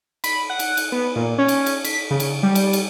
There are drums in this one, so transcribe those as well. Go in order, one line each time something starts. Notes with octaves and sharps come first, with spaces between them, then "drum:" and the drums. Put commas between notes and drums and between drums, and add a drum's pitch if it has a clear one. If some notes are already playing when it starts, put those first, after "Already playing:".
B5, drum: cymbal
F#5
drum: cymbal
drum: cymbal
B3
A#2
C#4
drum: cymbal
drum: cymbal
B6, drum: cymbal
C#3
drum: cymbal
G3
drum: cymbal
drum: cymbal